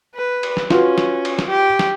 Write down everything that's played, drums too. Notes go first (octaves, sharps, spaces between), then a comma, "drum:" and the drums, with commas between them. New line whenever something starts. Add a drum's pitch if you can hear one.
B4
drum: cymbal
drum: snare
C#4 F4 F#4 B4, drum: snare
drum: snare
drum: cymbal
drum: snare
G4
drum: snare